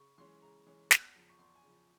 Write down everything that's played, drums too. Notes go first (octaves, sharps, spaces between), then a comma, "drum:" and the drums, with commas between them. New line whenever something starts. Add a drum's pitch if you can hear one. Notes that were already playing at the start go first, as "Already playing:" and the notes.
Already playing: C#3 C#6
E3 G#3 C#4 C6
C#3 A#5
E3 G#3 C#4
E2, drum: snare
C#3 F3
C#6
E2 C6
G#5
C#3 F3